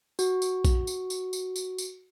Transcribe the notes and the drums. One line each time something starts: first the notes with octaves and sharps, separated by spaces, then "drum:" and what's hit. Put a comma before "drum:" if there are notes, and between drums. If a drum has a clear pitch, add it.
F#4, drum: tambourine
drum: tambourine
drum: kick A#1, tambourine
drum: tambourine
drum: tambourine
drum: tambourine
drum: tambourine
drum: tambourine